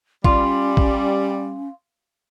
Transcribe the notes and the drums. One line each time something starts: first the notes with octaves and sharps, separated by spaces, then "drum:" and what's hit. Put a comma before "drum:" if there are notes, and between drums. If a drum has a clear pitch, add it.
G3 C#4 F4, drum: kick A1
drum: kick A1